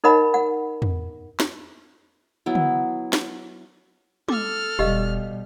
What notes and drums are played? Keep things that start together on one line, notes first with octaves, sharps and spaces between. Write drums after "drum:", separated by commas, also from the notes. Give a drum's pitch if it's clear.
D#4 A#4 D#5 F#5 B5
F#5
drum: tom
drum: snare
F#3 B3 E4
drum: tom
drum: snare
A4 D6 F6, drum: tom
E1 B2 G3 G4 D#5 F5